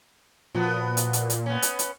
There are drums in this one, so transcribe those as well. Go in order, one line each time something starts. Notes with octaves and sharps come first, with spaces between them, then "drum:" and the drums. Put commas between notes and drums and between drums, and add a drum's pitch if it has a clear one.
A#2 F3 B3 F#4
drum: hi-hat
drum: hi-hat
drum: hi-hat
B3 C#4
drum: hi-hat
drum: hi-hat